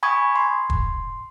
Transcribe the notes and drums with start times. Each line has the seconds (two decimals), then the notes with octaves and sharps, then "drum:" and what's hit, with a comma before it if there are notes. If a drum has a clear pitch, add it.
0.03 G#5 B5 C#6 D#6 G#6
0.36 C6
0.70 drum: kick